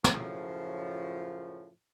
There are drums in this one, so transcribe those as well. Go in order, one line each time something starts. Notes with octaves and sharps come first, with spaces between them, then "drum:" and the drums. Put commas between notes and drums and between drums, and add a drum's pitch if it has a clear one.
F#2 A2 C#3 F3, drum: snare